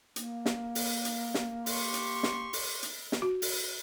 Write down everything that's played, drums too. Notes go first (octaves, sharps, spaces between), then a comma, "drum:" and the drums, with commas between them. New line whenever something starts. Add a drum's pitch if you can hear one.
A#3, drum: hi-hat
drum: snare
drum: open hi-hat
drum: hi-hat
drum: snare
G4 C6 C#6, drum: open hi-hat
drum: hi-hat
drum: snare
drum: open hi-hat
drum: hi-hat
drum: snare
F#4
drum: open hi-hat